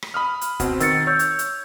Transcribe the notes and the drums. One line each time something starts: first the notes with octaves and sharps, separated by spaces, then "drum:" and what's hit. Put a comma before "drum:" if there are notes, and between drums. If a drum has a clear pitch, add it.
drum: rim click
B5 D#6 F6
drum: hi-hat
B2 C4 F#5, drum: kick, hi-hat
D#3 E6 A6 C#7, drum: hi-hat
C#5 E6 G6
drum: hi-hat
drum: hi-hat